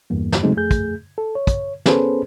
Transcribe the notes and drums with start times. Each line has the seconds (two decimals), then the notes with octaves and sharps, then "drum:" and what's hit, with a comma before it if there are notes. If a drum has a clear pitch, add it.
0.10 E2 G2 A#3
0.32 drum: snare
0.43 C#3 F#3 G#3 A3 C4 D#4
0.57 F2 A3 G#4 G6
0.71 drum: kick, hi-hat
1.18 A4
1.35 C#5
1.47 drum: kick, hi-hat
1.86 B3 C#4 G#4 A4 B4 C5, drum: snare